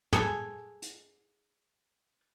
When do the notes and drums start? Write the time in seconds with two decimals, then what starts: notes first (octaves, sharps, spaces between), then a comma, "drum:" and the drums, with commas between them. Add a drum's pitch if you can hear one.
0.13 G#4 A4 G#5, drum: tom
0.82 drum: hi-hat